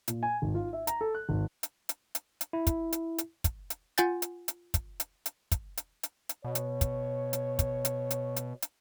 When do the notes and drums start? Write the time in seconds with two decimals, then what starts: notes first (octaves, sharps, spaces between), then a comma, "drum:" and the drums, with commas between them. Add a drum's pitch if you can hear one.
0.08 A#2, drum: hi-hat
0.23 G#5
0.42 G#1
0.55 F4
0.73 E5
0.87 A#5, drum: hi-hat
1.01 A4
1.15 F#6
1.29 G#1
1.63 drum: hi-hat
1.89 drum: hi-hat
2.15 drum: hi-hat
2.41 drum: hi-hat
2.53 E4
2.67 drum: kick, hi-hat
2.93 drum: hi-hat
3.18 drum: hi-hat
3.44 drum: kick, hi-hat
3.70 drum: hi-hat
3.98 F4 F#5 G#5 G6 A6, drum: hi-hat
4.22 drum: hi-hat
4.48 drum: hi-hat
4.74 drum: kick, hi-hat
5.00 drum: hi-hat
5.26 drum: hi-hat
5.52 drum: kick, hi-hat
5.77 drum: hi-hat
6.03 drum: hi-hat
6.29 drum: hi-hat
6.44 B2 C#5
6.55 drum: hi-hat
6.81 drum: kick, hi-hat
7.33 drum: hi-hat
7.59 drum: kick, hi-hat
7.85 drum: hi-hat
8.11 drum: hi-hat
8.36 drum: hi-hat
8.62 drum: hi-hat